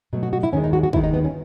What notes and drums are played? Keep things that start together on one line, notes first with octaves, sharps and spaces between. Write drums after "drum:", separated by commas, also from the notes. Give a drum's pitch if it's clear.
B2 F#3 A3
F#4
F#4
E4
D#2 D#3 G#3 C#4
D#4
F#4
F#4
D#2 D#3 G#3 E4, drum: kick
D#4
B3
C#4